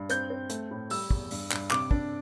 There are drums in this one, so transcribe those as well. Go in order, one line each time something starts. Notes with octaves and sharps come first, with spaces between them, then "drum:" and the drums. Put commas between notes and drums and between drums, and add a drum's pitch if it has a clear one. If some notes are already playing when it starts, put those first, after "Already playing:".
Already playing: G2
C4 G6, drum: hi-hat
C4
A3, drum: hi-hat
A2
G3 E6, drum: open hi-hat
E2, drum: kick
G2, drum: open hi-hat
G2, drum: clap
C3 D6, drum: clap
D4, drum: kick